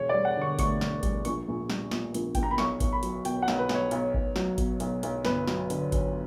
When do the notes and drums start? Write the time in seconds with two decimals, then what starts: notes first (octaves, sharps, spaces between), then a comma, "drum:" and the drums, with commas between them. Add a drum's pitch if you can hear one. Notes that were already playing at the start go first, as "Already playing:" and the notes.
Already playing: E1 C#5
0.09 G3 D5
0.25 F#5
0.37 D3 C#6
0.59 D2 C#6, drum: kick G#1, hi-hat
0.81 E1, drum: snare
1.03 G3, drum: kick G#1, hi-hat
1.25 A#1 C#6, drum: hi-hat
1.48 A#1
1.70 G3, drum: snare
1.91 A#2, drum: snare
2.14 A#1, drum: hi-hat
2.35 A#1 G5, drum: kick G#1, hi-hat
2.43 A#5
2.51 B5
2.58 B1 C#6, drum: snare
2.80 B1, drum: kick G#1, hi-hat
2.93 B5
3.03 F#3, drum: hi-hat
3.25 B2 G5, drum: hi-hat
3.42 F#5
3.48 B1, drum: snare
3.59 B4
3.69 B1, drum: snare
3.75 C#5
3.91 B1, drum: hi-hat
4.14 B1, drum: kick G#1
4.36 F#3, drum: snare
4.58 B2, drum: kick G#1, hi-hat
4.80 B1, drum: hi-hat
5.03 B1, drum: hi-hat
5.25 G1 B4, drum: snare
5.48 F#3, drum: snare
5.70 D3, drum: hi-hat
5.92 F#2, drum: kick G#1, hi-hat